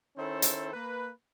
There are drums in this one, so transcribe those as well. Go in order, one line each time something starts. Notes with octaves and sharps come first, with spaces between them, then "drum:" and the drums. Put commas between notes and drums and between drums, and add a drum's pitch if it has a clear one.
D#3 C#4 E4 A4 C5
drum: hi-hat
A#3 B4